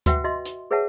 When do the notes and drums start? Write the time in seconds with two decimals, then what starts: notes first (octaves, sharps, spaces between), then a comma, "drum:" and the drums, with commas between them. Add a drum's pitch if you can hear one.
0.06 F#4 B4 E5 F#5 G5, drum: kick D2, hi-hat
0.24 F#4 D#5 E5 C6
0.46 drum: hi-hat
0.71 G#4 B4 C#5 E5 F#5 A5